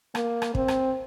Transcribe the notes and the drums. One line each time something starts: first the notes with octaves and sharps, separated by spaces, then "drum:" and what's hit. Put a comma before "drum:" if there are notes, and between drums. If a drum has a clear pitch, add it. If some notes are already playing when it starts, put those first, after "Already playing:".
A#3, drum: rim click
drum: rim click
C4, drum: kick
drum: rim click